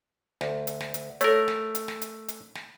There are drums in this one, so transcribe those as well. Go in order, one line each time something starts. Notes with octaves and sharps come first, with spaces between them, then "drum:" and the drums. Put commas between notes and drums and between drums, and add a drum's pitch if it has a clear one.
D2, drum: snare
drum: hi-hat
drum: snare
drum: hi-hat
A3 A4 A#4 C#5, drum: hi-hat
drum: snare
drum: hi-hat
drum: snare
drum: hi-hat
drum: hi-hat
drum: snare